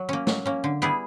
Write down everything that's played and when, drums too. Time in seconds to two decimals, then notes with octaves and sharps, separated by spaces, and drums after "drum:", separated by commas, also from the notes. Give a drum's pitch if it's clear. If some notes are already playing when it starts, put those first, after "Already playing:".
Already playing: F#3
0.09 A#3 C#4
0.27 F#3, drum: snare A3
0.46 A#3 C#4
0.64 D3
0.82 G3 B3 E4 G#4